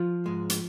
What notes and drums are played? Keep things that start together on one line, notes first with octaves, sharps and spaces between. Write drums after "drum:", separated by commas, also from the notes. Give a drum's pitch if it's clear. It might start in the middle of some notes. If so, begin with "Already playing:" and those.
Already playing: F3 F4
G#2 G#3
drum: hi-hat